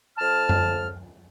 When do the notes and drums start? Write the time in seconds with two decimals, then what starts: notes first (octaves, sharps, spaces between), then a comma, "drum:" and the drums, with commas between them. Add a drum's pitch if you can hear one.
0.18 F2 A5 F6
0.49 drum: tom F#2